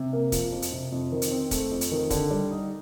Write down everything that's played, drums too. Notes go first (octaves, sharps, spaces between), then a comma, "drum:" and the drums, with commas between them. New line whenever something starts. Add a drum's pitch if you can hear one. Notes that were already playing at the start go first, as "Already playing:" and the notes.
Already playing: C3
A#3
F3, drum: kick, hi-hat
F2
drum: hi-hat
C3
F2
D#3
drum: hi-hat
C4
A3, drum: kick, hi-hat
F2
drum: hi-hat
D#3
D3, drum: kick, hi-hat
G3
D#4